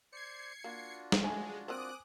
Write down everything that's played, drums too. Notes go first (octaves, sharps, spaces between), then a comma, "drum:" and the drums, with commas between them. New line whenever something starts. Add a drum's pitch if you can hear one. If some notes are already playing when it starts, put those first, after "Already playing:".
C5 D5 G#6 C7 C#7
A#3 D4 F4 F#4
drum: snare
G#3 A3 G#5
C4 A#4 C5 D6 D#6 F#6